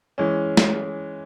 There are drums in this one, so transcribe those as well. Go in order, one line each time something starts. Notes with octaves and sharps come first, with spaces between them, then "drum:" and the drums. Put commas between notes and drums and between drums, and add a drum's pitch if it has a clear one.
E3 G#3 C#4
drum: snare